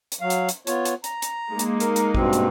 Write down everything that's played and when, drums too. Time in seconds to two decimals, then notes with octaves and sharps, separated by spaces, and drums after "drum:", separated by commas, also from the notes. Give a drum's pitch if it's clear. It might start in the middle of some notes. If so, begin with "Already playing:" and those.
0.12 drum: hi-hat
0.21 F#3 F5
0.30 drum: hi-hat
0.49 drum: hi-hat
0.67 B3 F4 C#5, drum: hi-hat
0.85 drum: hi-hat
1.04 A#5, drum: hi-hat
1.22 drum: hi-hat
1.50 G#3 A#3 D#4
1.59 drum: hi-hat
1.80 A#4, drum: hi-hat
1.96 drum: hi-hat
2.15 G2 B2 C4, drum: kick A1
2.33 drum: hi-hat